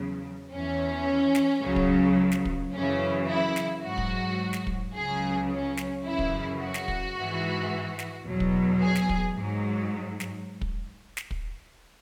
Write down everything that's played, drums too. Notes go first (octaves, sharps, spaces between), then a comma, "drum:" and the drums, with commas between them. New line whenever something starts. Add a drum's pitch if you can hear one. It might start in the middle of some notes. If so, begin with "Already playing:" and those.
Already playing: E2 C#3 F#3
E2 E3 C#4
drum: snare
C#2 C#3 F#3
drum: kick
drum: snare
drum: kick
F#2 C#3 E3 C#4
E4
drum: snare
G#2 F#3 F#4
drum: kick
drum: snare
drum: kick
C#2 C#3 F#3 G#4
C#4
drum: snare
F#2 C#3 E3 E4
drum: kick
F#4
drum: snare
drum: kick
G#2 E3
drum: snare
E2 B2 F#3
drum: kick
G#4
drum: snare
drum: kick
G#2 F#3
drum: snare
drum: kick
drum: snare
drum: kick